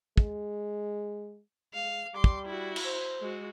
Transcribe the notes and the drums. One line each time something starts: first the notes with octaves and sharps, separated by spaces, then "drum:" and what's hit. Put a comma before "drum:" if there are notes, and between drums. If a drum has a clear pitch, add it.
G#3, drum: kick
G#3 F5
G3 C6 D6
drum: kick
E4 F#4
drum: cymbal
C5
G#3 F#4